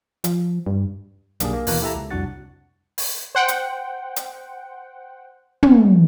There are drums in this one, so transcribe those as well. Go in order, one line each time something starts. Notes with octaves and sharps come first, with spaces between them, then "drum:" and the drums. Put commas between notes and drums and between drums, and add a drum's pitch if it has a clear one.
F3, drum: hi-hat
G2
B1 A#3 D4 G4 G#4, drum: hi-hat
A#3
D#2 B2 E3 A#3 A5 F#6, drum: open hi-hat
E4 G4 A4 E5 A5 A#5
C#2
C2 F2 D4 F#4 F#5 A6
drum: open hi-hat
C5 F#5 G5
drum: hi-hat
drum: hi-hat
drum: tom